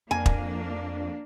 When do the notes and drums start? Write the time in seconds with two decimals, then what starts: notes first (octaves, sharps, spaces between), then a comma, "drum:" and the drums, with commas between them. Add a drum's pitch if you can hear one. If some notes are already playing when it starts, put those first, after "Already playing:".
0.11 F2 A#3 D4 G#5
0.26 drum: kick